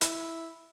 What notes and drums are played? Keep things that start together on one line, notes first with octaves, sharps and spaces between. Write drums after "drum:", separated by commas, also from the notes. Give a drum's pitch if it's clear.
E4, drum: hi-hat